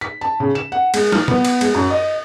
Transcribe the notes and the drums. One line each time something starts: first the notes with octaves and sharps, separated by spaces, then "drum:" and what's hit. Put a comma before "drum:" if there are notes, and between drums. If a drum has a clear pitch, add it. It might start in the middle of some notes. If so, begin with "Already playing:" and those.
B6
A5
C#3
E7
F#5
G#3, drum: cymbal
F6, drum: snare
B3, drum: tom
drum: cymbal
G#3, drum: cymbal
F#2
D#5